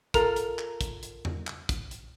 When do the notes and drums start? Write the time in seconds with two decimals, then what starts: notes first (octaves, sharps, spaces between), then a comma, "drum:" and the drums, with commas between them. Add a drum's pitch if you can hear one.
0.14 F4 A4 A#4 A#5, drum: kick, hi-hat
0.36 drum: hi-hat
0.58 drum: clap
0.81 drum: kick, hi-hat
1.03 drum: hi-hat
1.25 drum: tom E2
1.47 drum: clap
1.69 drum: kick, hi-hat
1.91 drum: hi-hat